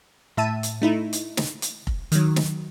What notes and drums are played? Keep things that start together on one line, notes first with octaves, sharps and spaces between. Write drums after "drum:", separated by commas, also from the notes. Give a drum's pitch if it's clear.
A2 E5 A5 D#7
drum: hi-hat
A3 D#4 E4
drum: hi-hat
drum: snare
drum: hi-hat
drum: kick F1
D#3 F#3, drum: hi-hat
drum: snare